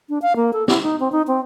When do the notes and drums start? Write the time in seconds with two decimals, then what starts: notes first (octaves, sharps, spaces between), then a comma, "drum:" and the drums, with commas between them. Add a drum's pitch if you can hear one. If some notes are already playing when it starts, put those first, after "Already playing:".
0.09 D4
0.22 F5
0.36 A#3
0.53 A4
0.68 E4, drum: snare
0.83 D#4
1.00 C4
1.12 D#4
1.28 C4